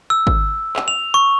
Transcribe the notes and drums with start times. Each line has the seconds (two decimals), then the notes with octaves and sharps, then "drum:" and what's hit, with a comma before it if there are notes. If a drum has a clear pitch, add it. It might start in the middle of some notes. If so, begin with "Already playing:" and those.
0.10 E6
0.27 drum: kick G#1
0.76 drum: clap
0.88 F7
1.14 C#6